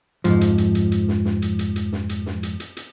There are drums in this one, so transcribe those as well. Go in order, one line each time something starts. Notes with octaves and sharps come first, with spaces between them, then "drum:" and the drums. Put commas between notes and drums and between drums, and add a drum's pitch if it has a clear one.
F2 G#2 F3, drum: hi-hat
drum: hi-hat
drum: hi-hat
drum: hi-hat
drum: hi-hat
drum: snare
drum: snare
drum: hi-hat
drum: hi-hat
drum: hi-hat
drum: snare
drum: hi-hat
drum: snare
drum: hi-hat
drum: hi-hat
drum: hi-hat